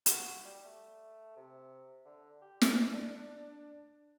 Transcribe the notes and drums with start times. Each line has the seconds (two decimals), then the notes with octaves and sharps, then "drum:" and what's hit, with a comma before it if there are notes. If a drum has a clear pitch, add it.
0.06 F#4, drum: hi-hat
0.45 G3
0.65 A3
1.36 C3
2.05 D3
2.41 G4
2.61 A#3, drum: snare
2.93 D4